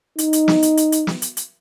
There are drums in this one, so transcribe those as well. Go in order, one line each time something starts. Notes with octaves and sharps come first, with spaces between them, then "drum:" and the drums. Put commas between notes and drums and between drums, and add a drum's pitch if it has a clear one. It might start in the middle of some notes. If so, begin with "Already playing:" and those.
D#4, drum: hi-hat
drum: hi-hat
drum: snare
drum: hi-hat
drum: hi-hat
drum: hi-hat
drum: snare
drum: hi-hat
drum: hi-hat